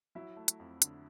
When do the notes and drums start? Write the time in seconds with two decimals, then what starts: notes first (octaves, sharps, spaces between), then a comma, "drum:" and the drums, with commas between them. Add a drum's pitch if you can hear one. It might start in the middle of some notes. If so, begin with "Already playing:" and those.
0.15 F#3 E4
0.36 A3
0.48 drum: hi-hat
0.60 F2
0.82 D3, drum: hi-hat